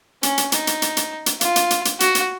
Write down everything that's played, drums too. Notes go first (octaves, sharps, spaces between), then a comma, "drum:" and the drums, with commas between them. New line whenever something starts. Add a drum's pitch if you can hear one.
C#4, drum: hi-hat
drum: hi-hat
D#4, drum: hi-hat
drum: hi-hat
drum: hi-hat
drum: hi-hat
drum: hi-hat
F4, drum: hi-hat
drum: hi-hat
drum: hi-hat
drum: hi-hat
F#4, drum: hi-hat
drum: hi-hat